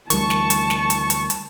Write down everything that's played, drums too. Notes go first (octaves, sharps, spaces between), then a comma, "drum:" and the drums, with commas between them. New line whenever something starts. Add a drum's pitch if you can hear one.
D2 E3 G3 A#4 A5 C#6, drum: hi-hat
drum: snare
drum: hi-hat
drum: snare
drum: hi-hat
drum: hi-hat
drum: hi-hat